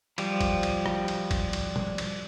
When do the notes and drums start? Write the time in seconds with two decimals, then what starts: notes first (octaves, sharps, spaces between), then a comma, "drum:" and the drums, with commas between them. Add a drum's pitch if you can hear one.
0.18 F3 G3, drum: cymbal
0.41 drum: kick, cymbal
0.63 drum: cymbal
0.86 drum: rim click
1.08 drum: cymbal
1.31 drum: kick, cymbal
1.53 drum: cymbal
1.76 drum: tom
1.98 drum: cymbal